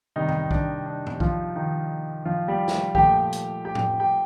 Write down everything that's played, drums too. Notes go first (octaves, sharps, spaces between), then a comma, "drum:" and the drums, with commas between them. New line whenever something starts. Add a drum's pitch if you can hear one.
C3 D#3 G3 D#4
drum: tom G2
D4, drum: kick A#1
D4
drum: tom G2
F3 F4, drum: kick A#1
D#3 D#4
F3 F4
G3 G4
drum: snare
A#2 F3 A3 G4 G5, drum: kick A#1
drum: hi-hat
G4 G5
drum: tom A2
G4 G5